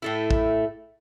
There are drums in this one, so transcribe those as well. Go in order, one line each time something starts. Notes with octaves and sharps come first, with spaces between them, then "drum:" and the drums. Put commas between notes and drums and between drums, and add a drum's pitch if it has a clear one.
A2 A3 E4
drum: kick